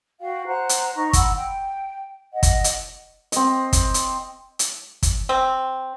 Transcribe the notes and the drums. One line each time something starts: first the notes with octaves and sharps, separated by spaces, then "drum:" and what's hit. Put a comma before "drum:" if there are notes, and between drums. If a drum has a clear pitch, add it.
F#4 F5 G5
C5 F#5 A#5 F#6
drum: hi-hat
D#4 A#5 C#6
F#5 B5 C6 E6, drum: kick, hi-hat
G5
D#5 F#5
drum: kick, hi-hat
drum: hi-hat
C4 D#5, drum: hi-hat
drum: kick, hi-hat
drum: hi-hat
drum: hi-hat
drum: kick, hi-hat
C4